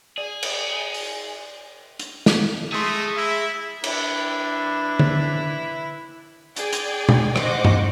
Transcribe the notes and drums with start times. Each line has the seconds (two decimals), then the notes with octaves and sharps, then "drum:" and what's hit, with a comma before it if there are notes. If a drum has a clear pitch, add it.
0.18 G#4 D5
0.43 drum: cymbal
0.94 drum: open hi-hat
2.00 drum: hi-hat
2.26 drum: snare
2.73 A3 G#4 C6 D#6
3.17 E4 E5
3.84 D4 E4 B4, drum: cymbal
4.99 drum: tom D3
6.56 G#4 D5 G5 G#5, drum: hi-hat
6.73 drum: hi-hat
7.09 drum: tom
7.36 C5 D#5 F#5 C#6 D6, drum: rim click
7.65 drum: tom G2